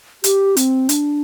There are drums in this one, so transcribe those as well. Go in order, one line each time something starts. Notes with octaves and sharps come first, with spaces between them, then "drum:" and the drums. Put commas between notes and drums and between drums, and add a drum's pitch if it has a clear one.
G4, drum: hi-hat
C4, drum: hi-hat
D4, drum: hi-hat